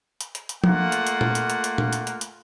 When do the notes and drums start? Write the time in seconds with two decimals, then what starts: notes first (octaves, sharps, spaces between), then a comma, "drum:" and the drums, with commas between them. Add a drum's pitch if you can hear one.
0.21 drum: hi-hat
0.35 drum: hi-hat
0.49 drum: hi-hat
0.64 A3 A#3 F4 F#5, drum: tom F3
0.92 drum: hi-hat
1.07 drum: hi-hat
1.21 drum: tom A#2
1.35 drum: hi-hat
1.50 drum: hi-hat
1.64 drum: hi-hat
1.78 drum: tom A#2
1.93 drum: hi-hat
2.07 drum: hi-hat
2.21 drum: hi-hat